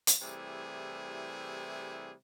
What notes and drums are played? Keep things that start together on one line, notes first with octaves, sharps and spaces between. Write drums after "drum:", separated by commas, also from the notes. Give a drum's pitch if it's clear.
drum: hi-hat
C3 E3 G3 A3 E4 G#4